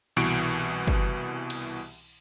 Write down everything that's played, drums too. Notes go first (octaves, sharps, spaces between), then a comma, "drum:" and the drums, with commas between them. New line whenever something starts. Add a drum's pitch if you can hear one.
C2 B2 E3 C#6 D7
drum: kick
drum: cymbal